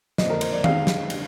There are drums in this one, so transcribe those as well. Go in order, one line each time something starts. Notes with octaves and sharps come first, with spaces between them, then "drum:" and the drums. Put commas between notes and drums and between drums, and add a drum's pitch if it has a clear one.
F2 D3 F3 A#3 D#5, drum: snare
A#4
C5, drum: cymbal
D5
D#3 G#3 D#4 F5, drum: tom D#3
drum: snare
D3 G3 D4, drum: cymbal